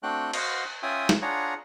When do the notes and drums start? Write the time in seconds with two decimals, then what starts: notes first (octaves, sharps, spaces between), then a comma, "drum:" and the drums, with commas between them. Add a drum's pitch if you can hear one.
0.03 A3 C4 D4 F#4 G5 F#6
0.33 F#4 C5 D#5 F5 F#5, drum: cymbal
0.83 C#4 F4 E5 G5 G#5 D#6
1.09 drum: snare
1.22 D4 F4 G#4 C#5 F#5 A#5